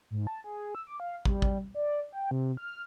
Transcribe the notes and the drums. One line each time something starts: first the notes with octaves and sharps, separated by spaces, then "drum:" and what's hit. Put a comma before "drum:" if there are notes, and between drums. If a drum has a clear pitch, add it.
G#2
A5
G#4
E6
D6
F5
G3, drum: kick
drum: kick
D5
G5
C3
F6